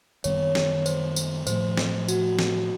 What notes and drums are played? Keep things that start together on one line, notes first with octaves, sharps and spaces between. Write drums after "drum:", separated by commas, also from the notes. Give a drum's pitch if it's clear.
F#2 D#3 G3 B3 C#5, drum: tambourine
drum: snare
C5, drum: tambourine
drum: tambourine
A2 F3 A3 C5, drum: tambourine
drum: snare
F#4, drum: tambourine
drum: snare